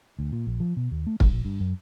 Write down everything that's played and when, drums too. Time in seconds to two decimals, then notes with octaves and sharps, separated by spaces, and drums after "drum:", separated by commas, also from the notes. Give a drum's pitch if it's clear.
0.19 D2
0.32 A#2
0.47 A#1
0.60 F3
0.77 B2
0.91 D#2
1.07 A3
1.20 G2, drum: kick
1.33 A#1
1.45 G2
1.60 F#2